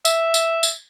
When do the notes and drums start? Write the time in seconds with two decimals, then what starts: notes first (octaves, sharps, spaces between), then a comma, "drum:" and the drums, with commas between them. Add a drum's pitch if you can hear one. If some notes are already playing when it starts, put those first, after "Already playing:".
0.05 E5, drum: tambourine
0.34 drum: tambourine
0.63 drum: tambourine